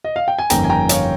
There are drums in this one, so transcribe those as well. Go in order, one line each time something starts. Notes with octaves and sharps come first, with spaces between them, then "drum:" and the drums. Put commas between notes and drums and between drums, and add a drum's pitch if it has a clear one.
D#5
F5
G5
G#5
G1 F2 D#3 A#3 C#4 G5 A#5, drum: hi-hat
G#5
G5 A#5
C#5 F5, drum: hi-hat